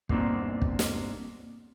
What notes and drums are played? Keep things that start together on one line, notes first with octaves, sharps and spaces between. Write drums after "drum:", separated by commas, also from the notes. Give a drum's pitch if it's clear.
G2 B2 A#3 C4 D4 D#4, drum: kick
drum: kick
drum: snare